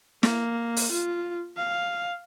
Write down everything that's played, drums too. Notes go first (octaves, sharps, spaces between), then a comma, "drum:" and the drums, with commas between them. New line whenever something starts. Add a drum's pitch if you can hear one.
A#3, drum: snare
drum: open hi-hat
F4
F5